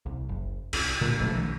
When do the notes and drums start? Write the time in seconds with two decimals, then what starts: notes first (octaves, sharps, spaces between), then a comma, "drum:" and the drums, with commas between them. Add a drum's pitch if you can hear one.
0.06 C2
0.29 F#1
0.73 C2, drum: cymbal
1.01 A#2 D3 A#3
1.19 F#1 B2 F3 A3
1.33 B1 D#3